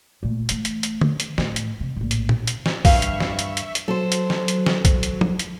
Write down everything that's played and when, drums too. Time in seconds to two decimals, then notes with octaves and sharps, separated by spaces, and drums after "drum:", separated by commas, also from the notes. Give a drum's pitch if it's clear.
0.23 A#2 A3
0.49 E3 A3, drum: hi-hat
0.65 drum: hi-hat
0.83 drum: hi-hat
1.01 drum: tom D3
1.20 drum: hi-hat
1.38 A2, drum: snare
1.56 drum: hi-hat
1.80 C3
1.97 A#1 A2
2.11 drum: hi-hat
2.29 drum: tom
2.47 drum: hi-hat
2.66 drum: snare
2.85 G2 E5 F5 C#6, drum: kick, open hi-hat
3.02 drum: hi-hat
3.20 drum: snare
3.39 drum: hi-hat
3.57 drum: hi-hat
3.75 drum: hi-hat
3.88 F#3 A4 C5
4.12 drum: hi-hat
4.30 drum: snare
4.48 drum: hi-hat
4.66 drum: snare
4.85 drum: kick, hi-hat
5.03 drum: hi-hat
5.21 drum: tom F3
5.39 drum: hi-hat